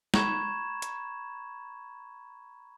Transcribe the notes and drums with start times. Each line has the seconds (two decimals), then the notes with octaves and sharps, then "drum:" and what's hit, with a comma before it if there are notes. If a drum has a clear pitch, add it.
0.14 A#5 B5 C#6 G#6 E7, drum: snare
0.82 drum: hi-hat